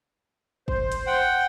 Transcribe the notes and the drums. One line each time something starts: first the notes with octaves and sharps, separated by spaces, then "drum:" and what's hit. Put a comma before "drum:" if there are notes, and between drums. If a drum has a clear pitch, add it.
C5, drum: kick
drum: hi-hat
F#5 G5